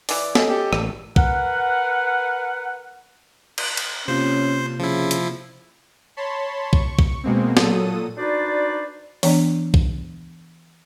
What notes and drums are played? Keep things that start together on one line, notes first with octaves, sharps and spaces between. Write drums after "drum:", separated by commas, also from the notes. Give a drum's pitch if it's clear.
E3 D5, drum: open hi-hat
C#4 A4 D#5, drum: snare
G4
A1, drum: rim click
A#4 B4 F#5, drum: kick
drum: cymbal
drum: cymbal
C3 A#3 C#4 F4 C5
C#3 F3 E4
drum: hi-hat
C#5 A5 B5 C6
C#6, drum: kick
drum: kick
B2 G#3 A#3 C4
A#2 F#3 A4 D#6 D#7, drum: snare
D4 D#4 F#4 B4 C5 D5
E3 B3 D4 D5, drum: open hi-hat
drum: kick